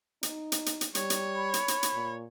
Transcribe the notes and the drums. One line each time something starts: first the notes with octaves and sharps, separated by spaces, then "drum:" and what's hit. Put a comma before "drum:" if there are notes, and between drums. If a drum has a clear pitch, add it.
D#4, drum: hi-hat
drum: hi-hat
drum: hi-hat
drum: hi-hat
G3 C#5, drum: hi-hat
drum: hi-hat
B5
drum: hi-hat
drum: hi-hat
drum: hi-hat
A#2